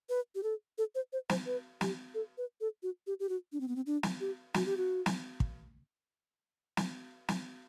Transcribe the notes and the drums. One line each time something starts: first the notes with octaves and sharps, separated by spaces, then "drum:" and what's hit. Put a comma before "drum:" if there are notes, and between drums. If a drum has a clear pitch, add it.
B4
G4
A4
A4
C5
C5
C5, drum: snare
B4
G4, drum: snare
A4
B4
A4
F#4
G4
G4
F#4
D4
C4
B3
C4
D4
drum: snare
G4
F#4, drum: snare
G4
F#4
drum: snare
drum: kick
drum: snare
drum: snare